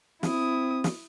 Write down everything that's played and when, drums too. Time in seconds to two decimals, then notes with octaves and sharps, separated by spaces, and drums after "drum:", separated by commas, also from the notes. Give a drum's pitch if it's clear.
0.23 C4 E4 D#6, drum: snare
0.84 drum: snare